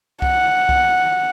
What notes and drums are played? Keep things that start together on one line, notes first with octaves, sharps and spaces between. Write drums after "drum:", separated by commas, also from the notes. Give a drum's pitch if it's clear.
F#5, drum: kick C2
drum: kick C2